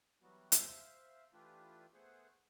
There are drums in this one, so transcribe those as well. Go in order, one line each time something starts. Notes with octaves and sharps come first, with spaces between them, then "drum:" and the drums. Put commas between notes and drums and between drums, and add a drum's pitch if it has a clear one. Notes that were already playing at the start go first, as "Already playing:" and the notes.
E3 F#3 G3 B3 F#4
C5 E5 F5, drum: hi-hat
E3 A3 D4 F4 G4 B4
A3 B3 G#4 C5 F#5